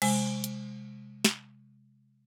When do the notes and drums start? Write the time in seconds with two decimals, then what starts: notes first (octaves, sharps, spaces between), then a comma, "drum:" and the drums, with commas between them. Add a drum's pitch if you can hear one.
0.02 C3 G#3, drum: cymbal
0.44 drum: hi-hat
1.25 drum: snare